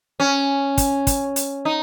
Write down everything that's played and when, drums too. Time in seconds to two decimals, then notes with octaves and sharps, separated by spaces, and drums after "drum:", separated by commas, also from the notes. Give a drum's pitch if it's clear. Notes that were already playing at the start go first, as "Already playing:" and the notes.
0.20 C#4
0.78 drum: kick, hi-hat
1.07 drum: kick, hi-hat
1.36 drum: hi-hat
1.65 D#4